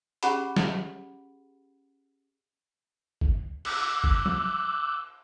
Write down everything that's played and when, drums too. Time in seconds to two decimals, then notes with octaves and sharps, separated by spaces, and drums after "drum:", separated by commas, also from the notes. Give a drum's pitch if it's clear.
0.23 C#4 G4 G#4 F#5 A#5 B5, drum: hi-hat
0.56 drum: snare
3.21 drum: kick
3.65 D6 E6 F#6 G6, drum: cymbal
4.04 drum: kick
4.26 drum: tom